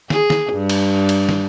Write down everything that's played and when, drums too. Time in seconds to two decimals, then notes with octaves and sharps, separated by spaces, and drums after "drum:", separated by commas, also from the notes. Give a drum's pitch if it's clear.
0.10 G#4, drum: snare
0.30 drum: snare
0.53 G2
0.69 drum: cymbal
1.09 drum: cymbal
1.29 drum: snare